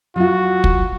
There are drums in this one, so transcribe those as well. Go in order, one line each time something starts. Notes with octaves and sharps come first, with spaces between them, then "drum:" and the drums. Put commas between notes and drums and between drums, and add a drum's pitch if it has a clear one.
F#3 F4 F#4
drum: kick